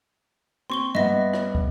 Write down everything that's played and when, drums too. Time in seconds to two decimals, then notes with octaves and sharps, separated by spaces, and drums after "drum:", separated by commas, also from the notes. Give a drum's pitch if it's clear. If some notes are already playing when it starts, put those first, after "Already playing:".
0.70 C4 C6 C#6 G7
0.95 G2 B3 D#5 E5 F#5 A#6
1.33 drum: rim click
1.55 drum: kick